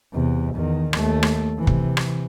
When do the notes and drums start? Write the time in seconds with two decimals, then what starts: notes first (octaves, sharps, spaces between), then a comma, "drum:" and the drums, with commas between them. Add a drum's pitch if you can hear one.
0.12 E2 C3
0.56 E2 D#3
0.93 D#2 A3, drum: rim click
1.23 drum: rim click
1.58 C3 E3
1.67 drum: kick
1.97 drum: rim click